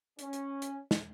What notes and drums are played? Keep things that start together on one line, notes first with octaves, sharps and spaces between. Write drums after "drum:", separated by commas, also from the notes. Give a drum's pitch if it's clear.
C#4, drum: hi-hat
drum: hi-hat
drum: hi-hat
drum: snare